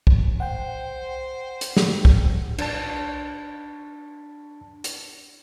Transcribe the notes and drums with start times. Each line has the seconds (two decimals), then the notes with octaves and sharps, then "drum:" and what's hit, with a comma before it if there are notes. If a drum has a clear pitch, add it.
0.07 drum: kick
0.40 C5 F#5 G5
1.61 drum: hi-hat
1.77 drum: snare
2.05 drum: kick
2.58 D4 A5, drum: cymbal
4.84 drum: hi-hat